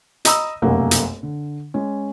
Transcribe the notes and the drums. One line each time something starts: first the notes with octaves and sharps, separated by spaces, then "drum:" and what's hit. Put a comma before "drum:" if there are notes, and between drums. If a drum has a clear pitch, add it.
D#5 A#5 B5 D#6 E6, drum: hi-hat
F1 B1 F#2 A3 A#3 F#5
drum: hi-hat
D3
G#3 C#4